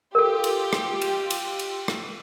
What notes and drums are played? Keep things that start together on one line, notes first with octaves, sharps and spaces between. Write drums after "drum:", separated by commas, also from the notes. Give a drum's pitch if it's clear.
F4 G4 A4 A#4
drum: cymbal
drum: rim click
drum: cymbal
drum: cymbal
drum: cymbal
drum: rim click